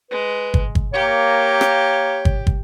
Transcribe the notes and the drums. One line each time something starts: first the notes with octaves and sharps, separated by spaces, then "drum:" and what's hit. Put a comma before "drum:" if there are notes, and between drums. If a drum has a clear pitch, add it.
G#3 B4
drum: kick
drum: kick
A#3 G4 C#5
drum: rim click
drum: kick
drum: kick